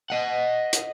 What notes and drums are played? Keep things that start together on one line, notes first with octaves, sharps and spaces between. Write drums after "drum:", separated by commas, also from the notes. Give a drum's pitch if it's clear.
D#5 F#5
drum: hi-hat